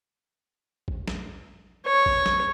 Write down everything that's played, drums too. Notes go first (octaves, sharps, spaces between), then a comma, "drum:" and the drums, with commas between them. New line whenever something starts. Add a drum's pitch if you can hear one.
drum: kick
drum: snare
C#5
drum: kick
drum: snare